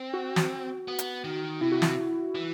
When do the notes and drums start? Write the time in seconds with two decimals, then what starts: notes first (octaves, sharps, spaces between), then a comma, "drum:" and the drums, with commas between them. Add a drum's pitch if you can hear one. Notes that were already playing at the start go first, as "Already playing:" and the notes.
Already playing: C4
0.13 F#4
0.36 drum: snare
0.88 B3
0.99 drum: hi-hat
1.24 D#3
1.61 C3 E4
1.72 F#4
1.82 E4, drum: snare
2.35 E3